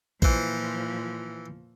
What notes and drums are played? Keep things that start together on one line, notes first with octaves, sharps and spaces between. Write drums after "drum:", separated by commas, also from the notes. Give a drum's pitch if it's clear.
A#2 E3 F3 C5, drum: kick A#1